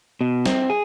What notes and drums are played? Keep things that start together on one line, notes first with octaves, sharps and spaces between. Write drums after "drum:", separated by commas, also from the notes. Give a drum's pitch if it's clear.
B2
C4, drum: snare
G#4